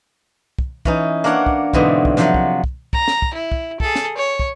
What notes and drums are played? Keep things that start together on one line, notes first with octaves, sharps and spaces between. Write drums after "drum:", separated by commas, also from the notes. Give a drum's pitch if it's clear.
drum: kick
E3 C#4 D#4, drum: kick
A#3 D4 A#4 C#5 F#5
drum: kick
G#2 B2 D3 E3 C4, drum: kick
drum: kick
C3 F3 F#3, drum: snare
drum: kick
drum: kick
A#5, drum: kick
drum: snare
drum: kick
E4
drum: kick
G#4 A4, drum: kick
drum: snare
C#5
drum: kick